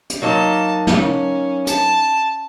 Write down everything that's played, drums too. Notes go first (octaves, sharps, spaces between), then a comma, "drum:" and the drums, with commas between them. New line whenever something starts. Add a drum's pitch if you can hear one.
drum: hi-hat
F#3 A#3 D#4 A5
C#4, drum: snare
A5, drum: hi-hat